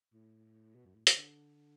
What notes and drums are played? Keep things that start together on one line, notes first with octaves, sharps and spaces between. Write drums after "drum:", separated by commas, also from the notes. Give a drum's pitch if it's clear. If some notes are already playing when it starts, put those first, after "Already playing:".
A2
B2
F#2
A2
A2, drum: hi-hat
D3